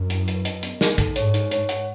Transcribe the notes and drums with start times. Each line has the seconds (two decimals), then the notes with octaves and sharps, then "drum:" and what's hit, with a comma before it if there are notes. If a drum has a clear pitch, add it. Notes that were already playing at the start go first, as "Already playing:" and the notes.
Already playing: F#2
0.10 E4, drum: hi-hat
0.28 B4, drum: hi-hat
0.45 D#5, drum: hi-hat
0.63 B3, drum: hi-hat
0.81 D#4, drum: snare
0.98 A4, drum: kick A#1, hi-hat
1.16 G#2 C#5, drum: hi-hat
1.34 D#4, drum: hi-hat
1.51 C#5, drum: hi-hat
1.69 F#5, drum: hi-hat